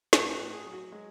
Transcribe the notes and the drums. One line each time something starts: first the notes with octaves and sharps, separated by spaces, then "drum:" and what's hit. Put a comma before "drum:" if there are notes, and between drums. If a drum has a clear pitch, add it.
A2 A4, drum: snare
B4
A2
G#4
F#3
F#4
F#3 G#3